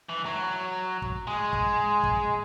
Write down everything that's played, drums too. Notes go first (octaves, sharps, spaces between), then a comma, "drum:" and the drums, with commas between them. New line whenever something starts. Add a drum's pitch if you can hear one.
E3
F#3
drum: kick
G#3
drum: kick
drum: kick